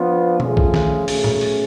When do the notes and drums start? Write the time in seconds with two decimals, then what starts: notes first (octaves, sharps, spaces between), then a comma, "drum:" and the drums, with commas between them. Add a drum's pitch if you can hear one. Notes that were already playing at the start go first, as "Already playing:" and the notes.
Already playing: F3 B3 D4 F4
0.40 C#3 F3 A3 F4 G#4, drum: tom B2
0.57 drum: kick
0.74 drum: snare
1.08 B2 A3 C#4 G#4, drum: open hi-hat
1.24 drum: tom
1.41 drum: open hi-hat